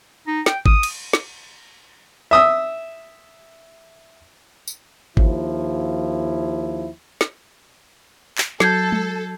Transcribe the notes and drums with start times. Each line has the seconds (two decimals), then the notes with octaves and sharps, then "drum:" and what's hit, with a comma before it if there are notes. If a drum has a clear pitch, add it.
0.27 D#4
0.46 G5, drum: snare
0.66 D#6, drum: kick G#1
0.83 drum: cymbal
1.13 drum: snare
2.31 E5 D#6 E6
4.68 drum: tambourine
5.17 D#2 F3 E4, drum: kick G#1
7.21 drum: snare
8.38 drum: clap
8.60 F#3 A4 G6 G#6 C7, drum: snare
8.92 drum: tom G#3